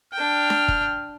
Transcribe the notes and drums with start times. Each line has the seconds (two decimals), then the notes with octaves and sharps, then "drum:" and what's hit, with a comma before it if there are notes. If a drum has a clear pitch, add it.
0.14 D4 G5 F6
0.50 drum: snare D4
0.68 drum: kick